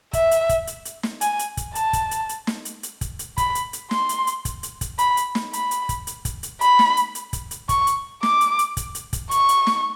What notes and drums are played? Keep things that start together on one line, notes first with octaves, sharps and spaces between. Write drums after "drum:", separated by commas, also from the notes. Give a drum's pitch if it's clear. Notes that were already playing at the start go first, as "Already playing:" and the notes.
E5, drum: kick, hi-hat
drum: hi-hat
drum: kick, hi-hat
drum: hi-hat
drum: hi-hat
drum: snare
G#5, drum: hi-hat
drum: hi-hat
drum: kick, hi-hat
A5, drum: hi-hat
drum: kick, hi-hat
drum: hi-hat
drum: hi-hat
drum: snare
drum: hi-hat
drum: hi-hat
drum: kick, hi-hat
drum: hi-hat
B5, drum: kick, hi-hat
drum: hi-hat
drum: hi-hat
C6, drum: snare
drum: hi-hat
drum: hi-hat
drum: kick, hi-hat
drum: hi-hat
drum: kick, hi-hat
B5, drum: hi-hat
drum: hi-hat
drum: snare
B5, drum: hi-hat
drum: hi-hat
drum: kick, hi-hat
drum: hi-hat
drum: kick, hi-hat
drum: hi-hat
B5, drum: hi-hat
drum: snare
drum: hi-hat
drum: hi-hat
drum: kick, hi-hat
drum: hi-hat
C#6, drum: kick, hi-hat
drum: hi-hat
D6, drum: snare
drum: hi-hat
drum: hi-hat
drum: kick, hi-hat
drum: hi-hat
drum: kick, hi-hat
C#6, drum: hi-hat
drum: hi-hat
drum: snare